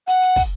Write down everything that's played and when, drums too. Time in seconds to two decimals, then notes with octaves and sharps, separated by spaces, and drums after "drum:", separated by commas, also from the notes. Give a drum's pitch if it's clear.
0.07 F#5, drum: hi-hat
0.22 drum: hi-hat
0.36 drum: kick, open hi-hat